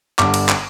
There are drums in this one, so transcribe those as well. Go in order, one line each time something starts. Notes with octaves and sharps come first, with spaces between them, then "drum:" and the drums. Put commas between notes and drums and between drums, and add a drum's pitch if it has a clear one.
G1 G2 D3 D6, drum: clap
drum: cymbal
drum: clap